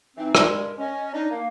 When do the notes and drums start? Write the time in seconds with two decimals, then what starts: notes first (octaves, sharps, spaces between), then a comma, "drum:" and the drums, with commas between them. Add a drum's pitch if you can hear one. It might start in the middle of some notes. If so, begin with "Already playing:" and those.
0.17 E3 C4 D#4
0.35 G2 G#3 A#4, drum: rim click
0.78 C#4 D#5
1.13 D4 D#4
1.31 A#3 F5